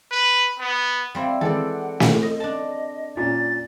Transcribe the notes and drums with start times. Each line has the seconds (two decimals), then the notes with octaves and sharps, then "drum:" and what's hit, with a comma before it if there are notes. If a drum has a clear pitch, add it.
0.11 B4
0.59 B3
1.15 G3 C4 E4 F5
1.41 E3 G#3 C4 A4 D5 F#5
2.00 drum: snare
2.23 D#5
2.40 D4 D#5 A5
3.17 A#2 C#4 A6